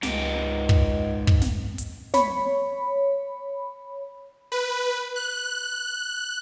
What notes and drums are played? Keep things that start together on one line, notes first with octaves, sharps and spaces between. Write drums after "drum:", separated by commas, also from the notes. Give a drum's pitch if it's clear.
C#2 G#2 G4, drum: snare
drum: kick
drum: kick
drum: snare
drum: hi-hat
C#5 B5, drum: snare
B4
F#6